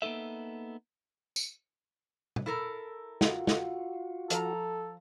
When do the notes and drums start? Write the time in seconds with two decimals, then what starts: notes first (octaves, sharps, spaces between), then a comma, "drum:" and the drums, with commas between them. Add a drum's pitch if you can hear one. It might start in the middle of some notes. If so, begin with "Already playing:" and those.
0.02 A#3 B3 D#4 A4 E5
1.36 drum: tambourine
2.36 drum: tom B2
2.46 E4 A4 A#4
3.21 F4 F#4, drum: snare
3.47 drum: snare
4.30 F3 A4 A#5, drum: hi-hat